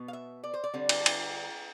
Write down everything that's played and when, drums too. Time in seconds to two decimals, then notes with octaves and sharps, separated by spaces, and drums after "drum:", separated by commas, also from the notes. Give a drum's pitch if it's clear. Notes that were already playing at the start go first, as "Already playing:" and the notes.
Already playing: B2 B3
0.08 F5
0.13 E5
0.44 D5
0.54 C5
0.64 D5
0.74 D3 G3 C4
0.89 drum: cymbal
1.06 drum: cymbal